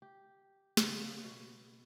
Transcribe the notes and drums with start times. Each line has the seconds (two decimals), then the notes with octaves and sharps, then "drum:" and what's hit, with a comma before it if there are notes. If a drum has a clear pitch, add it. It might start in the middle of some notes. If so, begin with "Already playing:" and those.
0.02 G4
0.77 C#3, drum: snare
1.24 B2